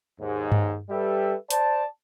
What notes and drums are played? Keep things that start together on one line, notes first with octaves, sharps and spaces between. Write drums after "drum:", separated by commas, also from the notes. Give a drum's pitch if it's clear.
D#2 G#2
drum: tom G2
G3 G4 A4 B4 E5
C5 D5 A5, drum: hi-hat